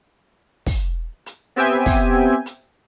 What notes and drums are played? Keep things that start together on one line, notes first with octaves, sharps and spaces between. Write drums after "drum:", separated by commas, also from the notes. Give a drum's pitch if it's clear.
drum: kick, open hi-hat
drum: hi-hat
B3 C4 G4 E5 G5 G#5
drum: kick, open hi-hat
drum: hi-hat